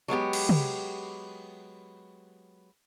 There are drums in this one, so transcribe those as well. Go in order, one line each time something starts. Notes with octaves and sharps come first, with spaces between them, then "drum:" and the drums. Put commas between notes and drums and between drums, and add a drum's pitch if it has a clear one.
F#3 G#3 B3 G4
drum: cymbal
drum: tom